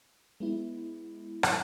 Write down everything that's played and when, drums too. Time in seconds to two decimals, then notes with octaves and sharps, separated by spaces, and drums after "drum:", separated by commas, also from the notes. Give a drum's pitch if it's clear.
0.40 G#3 B3 E4
1.43 drum: rim click